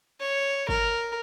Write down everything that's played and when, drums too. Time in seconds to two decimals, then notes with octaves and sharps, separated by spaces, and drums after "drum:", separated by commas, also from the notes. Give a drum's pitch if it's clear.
0.20 C#5
0.69 A#4, drum: kick